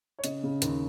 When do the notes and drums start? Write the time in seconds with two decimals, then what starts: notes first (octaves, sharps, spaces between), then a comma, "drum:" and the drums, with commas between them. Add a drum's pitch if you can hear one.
0.19 C#5
0.24 C#3 D#5, drum: hi-hat
0.43 C#3
0.62 D#2, drum: hi-hat